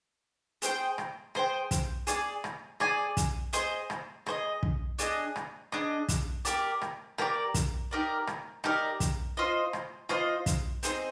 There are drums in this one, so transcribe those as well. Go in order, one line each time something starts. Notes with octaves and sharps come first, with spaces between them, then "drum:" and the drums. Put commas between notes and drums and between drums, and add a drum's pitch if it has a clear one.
G#4 C5 G5, drum: hi-hat
drum: rim click
G#4 C5 G5, drum: rim click
drum: kick, hi-hat
G#4 D5 G#5, drum: hi-hat
drum: rim click
G#4 D5 G#5, drum: rim click
drum: kick, hi-hat
G#4 C5 D#5, drum: hi-hat
drum: rim click
G#4 C5 D#5, drum: rim click
drum: kick
D4 G#4 D#5, drum: hi-hat
drum: rim click
D4 G#4 D#5, drum: rim click
drum: kick, hi-hat
G4 A#4 D5, drum: hi-hat
drum: rim click
G4 A#4 D5, drum: rim click
drum: kick, hi-hat
D#4 G4 A#4 D5
drum: rim click
D#4 G4 A#4 D5, drum: rim click
drum: kick, hi-hat
F4 C5 D#5
drum: rim click
F4 C5 D#5, drum: rim click
drum: kick, hi-hat
C4 D#4 G#4 C5, drum: hi-hat